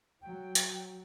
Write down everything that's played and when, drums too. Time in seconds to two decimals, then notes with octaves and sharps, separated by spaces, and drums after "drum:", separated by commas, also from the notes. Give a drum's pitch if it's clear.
0.22 F#3 G5
0.55 drum: hi-hat